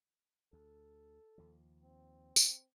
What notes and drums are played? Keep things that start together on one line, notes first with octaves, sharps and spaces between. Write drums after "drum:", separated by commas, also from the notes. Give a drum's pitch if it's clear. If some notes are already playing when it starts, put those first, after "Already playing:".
D2 A4
D#2 F3
C4
drum: tambourine